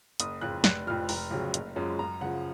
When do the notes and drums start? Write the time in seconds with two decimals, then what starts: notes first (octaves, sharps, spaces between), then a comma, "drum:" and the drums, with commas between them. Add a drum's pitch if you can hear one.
0.20 F#1 D#6, drum: hi-hat
0.41 F2 C#3 F#6
0.64 F1 F#6, drum: snare
0.87 F2 F3 F6
1.09 F1 A#5, drum: open hi-hat
1.31 F2 C#3 F#3
1.54 F#1, drum: hi-hat
1.76 F#2 F3 G#3 C#4
1.99 F#2 A#5
2.21 C#3 F3 F#5